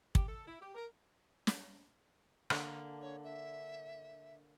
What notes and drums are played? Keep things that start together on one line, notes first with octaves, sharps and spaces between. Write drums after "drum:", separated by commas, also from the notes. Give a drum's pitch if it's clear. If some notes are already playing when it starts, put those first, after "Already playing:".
G4, drum: kick
A4
E4
G4
A#4
drum: snare
D3 A#3 D4, drum: rim click
C#5
E5